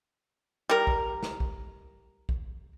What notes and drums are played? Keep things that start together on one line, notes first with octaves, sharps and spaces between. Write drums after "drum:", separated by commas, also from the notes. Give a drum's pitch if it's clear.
G3 A#4
drum: kick
drum: snare
drum: kick
drum: kick